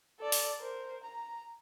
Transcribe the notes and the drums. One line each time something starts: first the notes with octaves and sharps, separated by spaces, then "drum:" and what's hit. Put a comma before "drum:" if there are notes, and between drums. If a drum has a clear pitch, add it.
A4 D5
drum: open hi-hat
A#4 C5
A#5